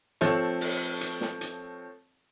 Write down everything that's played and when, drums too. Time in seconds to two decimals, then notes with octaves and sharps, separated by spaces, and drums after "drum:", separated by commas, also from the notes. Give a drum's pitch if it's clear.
0.21 F3 A3 C4 A4 C#5, drum: hi-hat
0.61 drum: open hi-hat
1.01 drum: hi-hat
1.21 drum: snare
1.41 drum: hi-hat